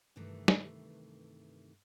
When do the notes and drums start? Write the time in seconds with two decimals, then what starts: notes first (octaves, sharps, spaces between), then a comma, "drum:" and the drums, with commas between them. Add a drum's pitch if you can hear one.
0.16 G2 C3 D#3 E3 A3
0.48 drum: snare